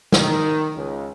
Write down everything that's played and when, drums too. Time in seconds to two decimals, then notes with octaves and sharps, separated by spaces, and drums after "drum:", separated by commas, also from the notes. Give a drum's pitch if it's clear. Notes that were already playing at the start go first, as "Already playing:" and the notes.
0.12 D#3, drum: snare
0.75 C#2